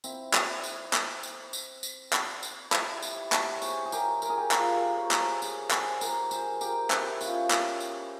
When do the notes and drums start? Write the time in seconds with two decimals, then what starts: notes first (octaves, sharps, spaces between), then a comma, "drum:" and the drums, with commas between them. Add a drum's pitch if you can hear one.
0.04 C4 E4, drum: tambourine
0.34 drum: clap
0.63 drum: tambourine
0.93 drum: clap
1.23 drum: tambourine
1.53 drum: tambourine
1.83 drum: tambourine
2.13 drum: clap
2.43 drum: tambourine
2.72 E4 G4, drum: clap
3.02 drum: tambourine
3.32 drum: clap
3.56 C#5
3.62 G#4 C5, drum: tambourine
3.85 G#4
3.92 G4 A#4, drum: tambourine
4.22 A#4, drum: tambourine
4.29 G#4
4.37 G4 A#4
4.51 F4 G#4, drum: clap
4.74 G4 A#4
4.97 A#4 C#5
5.11 A#4, drum: clap
5.19 G#4 C5
5.42 G#4 C5, drum: tambourine
5.71 G#4 C5, drum: clap
6.01 G4 A#4, drum: tambourine
6.31 G#4 C5, drum: tambourine
6.61 G4 A#4, drum: tambourine
6.90 E4 G4, drum: clap
7.21 C#4 F4, drum: tambourine
7.51 drum: clap
7.80 drum: tambourine